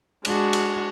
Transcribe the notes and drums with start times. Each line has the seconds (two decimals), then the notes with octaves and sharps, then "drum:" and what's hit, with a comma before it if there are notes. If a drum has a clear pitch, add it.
0.25 G#3 D4 F#4, drum: cymbal
0.53 drum: cymbal